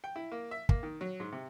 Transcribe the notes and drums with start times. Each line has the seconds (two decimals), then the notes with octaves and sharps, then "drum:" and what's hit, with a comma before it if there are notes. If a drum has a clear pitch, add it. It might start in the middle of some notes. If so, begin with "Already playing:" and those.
0.04 G5
0.16 E4
0.32 A#3
0.51 E5
0.69 A#3, drum: kick
0.83 D#3
1.01 F#3
1.20 G#2
1.32 C3